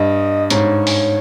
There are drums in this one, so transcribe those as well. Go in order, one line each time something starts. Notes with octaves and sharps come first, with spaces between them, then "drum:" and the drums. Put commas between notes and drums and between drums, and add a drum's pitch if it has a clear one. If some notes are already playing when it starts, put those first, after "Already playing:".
Already playing: G2 D#5
G#2 C#5, drum: hi-hat
drum: open hi-hat